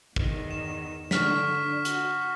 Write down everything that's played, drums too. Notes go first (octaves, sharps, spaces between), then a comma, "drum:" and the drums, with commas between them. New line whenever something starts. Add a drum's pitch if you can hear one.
E2 D#3, drum: kick
E7
D3 D4 C#6 F6 B6, drum: snare
F#4, drum: hi-hat